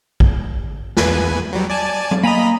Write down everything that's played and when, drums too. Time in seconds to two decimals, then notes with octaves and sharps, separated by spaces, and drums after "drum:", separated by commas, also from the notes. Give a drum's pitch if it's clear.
0.20 drum: kick A#1
0.97 E2 B4 G#5, drum: snare
1.53 F#3 G3
1.70 D5 G#5 A5
2.11 drum: tom F#3
2.23 A#3 D#5 G#5 A#5 B5